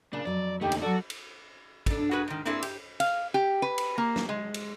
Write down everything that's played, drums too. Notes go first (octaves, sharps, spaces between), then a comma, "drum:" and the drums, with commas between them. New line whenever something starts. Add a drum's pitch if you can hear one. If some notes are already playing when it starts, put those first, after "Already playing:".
A#2 C#3 D4
F2 F#3 D5
E2 A#2 D3 A3 D#4 G4
drum: cymbal
F#3 F#4 A4 D5
drum: cymbal
D4 A4, drum: kick, cymbal
F#4 G#4 B4
G#2 D#3
A#3 C4 D4 E4 G#4 A4
G4, drum: cymbal
F5, drum: cymbal
G4
B4
drum: cymbal
A#3
drum: snare
G#3
drum: cymbal